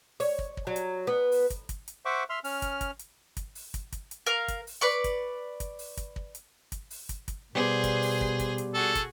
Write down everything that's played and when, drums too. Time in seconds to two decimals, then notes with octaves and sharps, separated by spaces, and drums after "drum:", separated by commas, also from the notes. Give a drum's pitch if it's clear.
0.20 C#5, drum: open hi-hat
0.39 drum: kick
0.57 drum: kick
0.67 F#3
0.76 drum: hi-hat
1.07 B3
1.32 drum: open hi-hat
1.50 drum: kick, hi-hat
1.69 drum: kick, hi-hat
1.88 drum: hi-hat
2.05 C5 E5 F#5 C#6 D6
2.30 E5 C6 F6
2.44 C#4 F6, drum: open hi-hat
2.62 drum: kick, hi-hat
2.81 drum: kick, hi-hat
2.99 drum: hi-hat
3.37 drum: kick, hi-hat
3.55 drum: open hi-hat
3.74 drum: kick, hi-hat
3.92 drum: kick, hi-hat
4.11 drum: hi-hat
4.26 A#4 F5 F6
4.48 drum: kick, hi-hat
4.67 drum: open hi-hat
4.81 B4 D5 C#6
5.04 drum: kick, hi-hat
5.60 drum: kick, hi-hat
5.79 drum: open hi-hat
5.97 drum: kick, hi-hat
6.16 drum: kick
6.35 drum: hi-hat
6.72 drum: kick, hi-hat
6.90 drum: open hi-hat
7.09 drum: kick, hi-hat
7.28 drum: kick, hi-hat
7.55 B2 G3 B3 G#4 C5 D5
7.84 drum: kick, hi-hat
8.02 drum: open hi-hat
8.21 drum: kick
8.39 drum: kick, hi-hat
8.58 drum: hi-hat
8.74 F#4 G#4 A4
8.95 drum: kick, hi-hat